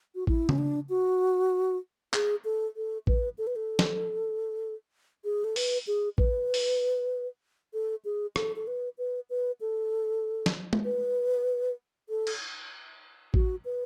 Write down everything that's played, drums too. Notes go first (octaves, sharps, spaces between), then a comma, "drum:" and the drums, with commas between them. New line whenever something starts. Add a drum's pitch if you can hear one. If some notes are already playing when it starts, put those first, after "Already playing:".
F#4
E4, drum: kick A1
C#4, drum: tom C#3
D4
F#4
G#4, drum: clap
A4
A4
B4, drum: kick A1
A4
B4
A4
drum: snare
G#4
A4
B4, drum: open hi-hat
G#4
B4, drum: kick A1
drum: open hi-hat
A4
G#4
A4, drum: rim click
A4
B4
B4
B4
A4
drum: snare
drum: tom
B4
A4
drum: cymbal
F#4, drum: kick A1
B4